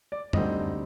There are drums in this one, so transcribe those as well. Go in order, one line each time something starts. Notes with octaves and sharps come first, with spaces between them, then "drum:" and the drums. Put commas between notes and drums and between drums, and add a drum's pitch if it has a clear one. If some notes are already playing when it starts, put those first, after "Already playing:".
D5
D2 D3 G3 C4 D#4 D#5, drum: tom